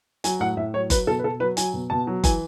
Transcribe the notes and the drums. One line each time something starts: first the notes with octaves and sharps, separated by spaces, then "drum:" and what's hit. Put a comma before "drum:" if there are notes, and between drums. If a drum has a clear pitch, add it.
F#3 G#5, drum: hi-hat
A2 F#5
A2 E5
F#3 C#5
F#3 B4, drum: kick F#1, hi-hat
B2 A4
B4
B2 A4
F#3 B4
F#3 G#5, drum: hi-hat
B2
B2 A5
F#3
E3 G#5, drum: kick F#1, hi-hat